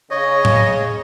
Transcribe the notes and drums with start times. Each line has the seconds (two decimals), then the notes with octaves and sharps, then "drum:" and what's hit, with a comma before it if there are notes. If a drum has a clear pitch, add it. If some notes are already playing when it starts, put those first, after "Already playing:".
0.11 C#3 C#5 D#5
0.45 drum: tom A2